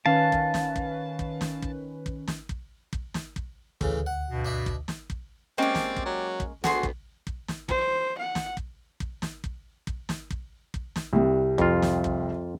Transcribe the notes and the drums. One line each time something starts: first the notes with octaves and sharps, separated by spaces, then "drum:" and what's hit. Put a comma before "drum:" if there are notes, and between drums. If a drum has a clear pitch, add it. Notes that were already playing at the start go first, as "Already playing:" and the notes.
D#3 C#4 B4 F5 A5
drum: kick
drum: snare
drum: kick
drum: kick
drum: snare
drum: kick
drum: kick
drum: snare
drum: kick
drum: kick
drum: snare
drum: kick
D2 A2 C#3 E3, drum: kick
F#5
G2 B2
D4 D#5 E5
drum: kick
drum: snare
drum: kick
G#3 A#3 C4 C#4 G4 D5
drum: snare
drum: kick
F#3
drum: kick
D2 B3 F#4 G#4 C6, drum: snare
drum: kick
drum: kick
drum: snare
C5, drum: kick
F#5
drum: snare
drum: kick
drum: kick
drum: snare
drum: kick
drum: kick
drum: snare
drum: kick
drum: kick
drum: snare
C2 G3
F2 F4, drum: kick
drum: snare
drum: kick